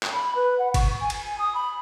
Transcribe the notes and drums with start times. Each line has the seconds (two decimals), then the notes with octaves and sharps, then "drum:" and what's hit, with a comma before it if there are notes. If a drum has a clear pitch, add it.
0.03 drum: clap
0.13 B5
0.35 B4
0.58 F#5
0.74 C#6, drum: kick F#1, cymbal
1.00 G#5
1.10 drum: cymbal
1.38 D#6
1.54 B5